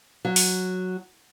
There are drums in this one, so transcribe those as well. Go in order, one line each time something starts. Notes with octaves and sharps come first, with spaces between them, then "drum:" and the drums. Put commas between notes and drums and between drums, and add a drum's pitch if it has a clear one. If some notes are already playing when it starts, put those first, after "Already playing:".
F#3
drum: open hi-hat